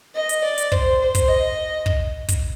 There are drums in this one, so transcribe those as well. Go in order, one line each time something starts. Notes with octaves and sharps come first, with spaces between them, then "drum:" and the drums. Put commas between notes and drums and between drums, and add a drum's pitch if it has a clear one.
D#5
drum: hi-hat
D5
drum: hi-hat
C5, drum: kick
C5
drum: kick, hi-hat
D#5
drum: kick
drum: kick, hi-hat